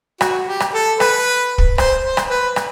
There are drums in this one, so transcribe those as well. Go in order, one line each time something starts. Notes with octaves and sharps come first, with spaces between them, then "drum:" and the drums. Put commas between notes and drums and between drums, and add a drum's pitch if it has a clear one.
F#4, drum: rim click
G4
drum: rim click
A4
B4, drum: rim click
drum: kick
C5, drum: rim click
C5
drum: rim click
B4
drum: rim click